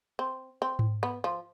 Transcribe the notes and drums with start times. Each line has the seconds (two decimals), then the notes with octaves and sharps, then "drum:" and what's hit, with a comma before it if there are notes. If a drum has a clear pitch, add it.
0.19 C4
0.62 C4
0.79 drum: tom G#2
1.03 B3
1.24 F3